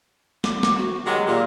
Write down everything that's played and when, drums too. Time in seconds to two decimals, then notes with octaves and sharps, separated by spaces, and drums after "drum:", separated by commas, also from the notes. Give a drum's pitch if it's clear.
0.44 D6, drum: snare
0.63 drum: snare
0.77 F#4
1.06 D#3 F#3 G#3 G4
1.27 A#2